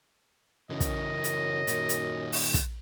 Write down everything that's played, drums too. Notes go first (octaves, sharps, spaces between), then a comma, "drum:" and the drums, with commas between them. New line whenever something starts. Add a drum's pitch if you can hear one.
F#2 C#3 E3 D#5
drum: kick, hi-hat
drum: hi-hat
A#2 D#3, drum: hi-hat
drum: hi-hat
drum: open hi-hat
drum: kick, hi-hat